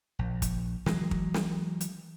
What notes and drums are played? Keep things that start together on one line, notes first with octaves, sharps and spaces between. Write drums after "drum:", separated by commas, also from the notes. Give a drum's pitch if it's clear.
A#1
drum: kick, hi-hat
E3 F#3 G#3, drum: snare
drum: kick
drum: snare
drum: hi-hat